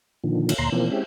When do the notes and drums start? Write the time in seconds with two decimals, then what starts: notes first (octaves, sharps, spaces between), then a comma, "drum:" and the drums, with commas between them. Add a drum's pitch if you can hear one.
0.24 A#2 D3 D#3 F3
0.49 drum: cymbal
0.58 D2 A#2 A#5 C6
0.72 B2 E3 F3 A#3 C4
0.91 G#3 C4 C#4 E4 G4